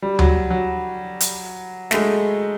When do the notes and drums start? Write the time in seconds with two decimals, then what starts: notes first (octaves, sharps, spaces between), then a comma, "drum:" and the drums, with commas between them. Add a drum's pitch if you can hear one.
0.02 G3
0.19 F#3, drum: tom D2
0.50 F#3
1.20 drum: hi-hat
1.91 A3, drum: snare
1.94 G#3